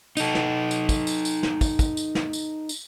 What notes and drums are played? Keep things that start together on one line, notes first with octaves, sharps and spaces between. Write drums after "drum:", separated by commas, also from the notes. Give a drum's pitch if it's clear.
D#4 A4, drum: tambourine
drum: snare
drum: tambourine
drum: kick, tambourine
drum: tambourine
drum: tambourine
drum: snare
drum: kick, tambourine
drum: kick, tambourine
drum: tambourine
drum: snare
drum: tambourine
drum: tambourine